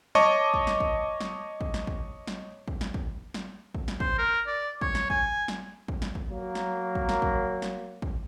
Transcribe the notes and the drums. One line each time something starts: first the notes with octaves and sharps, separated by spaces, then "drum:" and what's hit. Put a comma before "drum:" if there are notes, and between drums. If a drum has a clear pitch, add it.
C#5 D#5 A5 C#6 D6, drum: snare
drum: kick
drum: snare
drum: kick
drum: snare
drum: kick
drum: snare
drum: kick
drum: snare
drum: kick
drum: snare
drum: kick
drum: snare
drum: kick
drum: snare
C5, drum: kick
A#4
D5
C#5, drum: kick
drum: snare
G#5, drum: kick
drum: snare
drum: kick
drum: snare
drum: kick
F#3 A#3
drum: snare
drum: kick
drum: snare
drum: kick
drum: snare
drum: kick